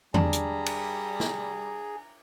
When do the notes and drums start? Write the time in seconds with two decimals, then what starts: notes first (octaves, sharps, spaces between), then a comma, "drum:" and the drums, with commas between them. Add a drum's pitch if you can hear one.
0.14 G3 D4 G#4 A#5, drum: tom E2
0.33 drum: hi-hat
0.66 drum: cymbal
1.20 drum: snare